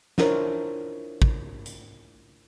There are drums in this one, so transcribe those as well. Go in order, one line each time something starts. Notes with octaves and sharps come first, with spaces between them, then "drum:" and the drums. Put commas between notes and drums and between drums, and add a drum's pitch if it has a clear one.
D4 E4 F4 A#4 C5 C#5, drum: snare
drum: kick
drum: hi-hat